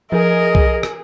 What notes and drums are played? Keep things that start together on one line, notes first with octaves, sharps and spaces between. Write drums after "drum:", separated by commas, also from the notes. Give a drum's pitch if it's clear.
F3 G#4 A#4 D#5
drum: kick C2
drum: rim click